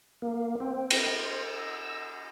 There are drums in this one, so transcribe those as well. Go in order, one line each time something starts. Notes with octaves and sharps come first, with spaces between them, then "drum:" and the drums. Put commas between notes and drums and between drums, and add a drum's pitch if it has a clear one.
A#3
C4
drum: cymbal
C5
E6